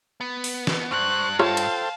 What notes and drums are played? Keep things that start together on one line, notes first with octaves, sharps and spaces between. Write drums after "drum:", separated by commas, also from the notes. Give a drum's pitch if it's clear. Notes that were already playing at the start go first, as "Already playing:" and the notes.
B3
drum: open hi-hat
drum: snare
G2 C5 C#6 F#6
F4 A4 C5 C#5 E5 F5 G5 A5, drum: rim click
drum: cymbal